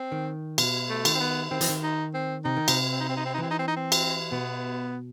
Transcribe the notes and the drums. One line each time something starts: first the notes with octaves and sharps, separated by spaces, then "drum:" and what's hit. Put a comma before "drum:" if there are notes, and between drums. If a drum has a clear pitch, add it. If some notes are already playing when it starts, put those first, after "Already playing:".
Already playing: C4
D#3
B2, drum: cymbal
A3
D#3, drum: cymbal
C4
B3
D#3 C4
E3, drum: hi-hat
D#3
D#4
C4
C3 D#4
D#3
C3, drum: cymbal
C4
D#4
C4
D#4
C4
D#4
E3 C4
D#4
C4
D#4
C4
drum: cymbal
B2 B3